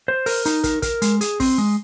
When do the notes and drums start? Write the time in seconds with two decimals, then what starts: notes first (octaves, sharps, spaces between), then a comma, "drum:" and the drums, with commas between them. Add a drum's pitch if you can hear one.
0.08 C5
0.26 A#4, drum: open hi-hat
0.46 D#4, drum: hi-hat
0.64 A#4, drum: kick, hi-hat
0.82 A#4, drum: kick, hi-hat
1.02 G#3, drum: hi-hat
1.21 G#4, drum: hi-hat
1.40 C4, drum: kick, open hi-hat
1.58 G#3